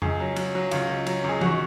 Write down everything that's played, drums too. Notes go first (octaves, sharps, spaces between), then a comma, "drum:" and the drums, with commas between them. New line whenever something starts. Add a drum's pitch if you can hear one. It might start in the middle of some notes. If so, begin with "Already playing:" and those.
C#2 G#4, drum: tom F2
F#3
F#3, drum: cymbal
F#3
C#2 F4, drum: cymbal
C#2
F#3, drum: cymbal
C#2 G#4
G#1 F#4, drum: tom E3